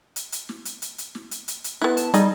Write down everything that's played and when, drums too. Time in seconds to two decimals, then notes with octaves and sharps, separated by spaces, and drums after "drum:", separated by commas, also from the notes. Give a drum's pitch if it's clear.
0.16 drum: hi-hat
0.32 drum: hi-hat
0.49 drum: snare
0.65 drum: hi-hat
0.82 drum: hi-hat
0.98 drum: hi-hat
1.15 drum: snare
1.31 drum: hi-hat
1.48 drum: hi-hat
1.64 drum: hi-hat
1.82 B3 E4 F#6, drum: snare
1.97 A5, drum: hi-hat
2.14 G3 D#4 G#4, drum: hi-hat